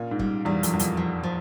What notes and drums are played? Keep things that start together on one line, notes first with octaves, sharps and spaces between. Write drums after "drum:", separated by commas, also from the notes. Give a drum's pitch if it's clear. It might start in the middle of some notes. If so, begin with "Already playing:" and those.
Already playing: A#2 C#4
G#2
G3, drum: kick
E2 G3
F2, drum: hi-hat
E2 G3
F2, drum: hi-hat
F3
F3